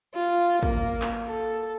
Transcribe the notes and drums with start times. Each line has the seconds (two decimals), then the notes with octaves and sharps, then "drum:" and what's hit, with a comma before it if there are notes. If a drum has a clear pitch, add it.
0.14 F4
0.63 A#3, drum: kick
1.02 drum: clap
1.28 A4